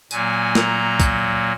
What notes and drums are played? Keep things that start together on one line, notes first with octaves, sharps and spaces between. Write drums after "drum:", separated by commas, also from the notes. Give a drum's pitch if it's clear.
A#2 F#3 A#3 G#5, drum: tambourine
A#5, drum: snare
drum: kick, tambourine